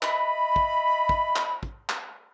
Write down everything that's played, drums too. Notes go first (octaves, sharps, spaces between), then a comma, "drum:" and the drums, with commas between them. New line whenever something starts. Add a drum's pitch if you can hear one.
D#5 E5 B5, drum: clap
drum: kick
drum: kick
drum: clap
drum: kick
drum: clap